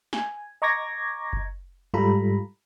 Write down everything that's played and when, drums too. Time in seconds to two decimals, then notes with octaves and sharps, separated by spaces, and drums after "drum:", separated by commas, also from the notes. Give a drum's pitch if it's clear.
0.13 G#5, drum: snare
0.62 D#5 A#5 C#6 D6 G#6 A#6
1.33 drum: kick F#1
1.94 G#2 G3 F4 A4 A#5 B5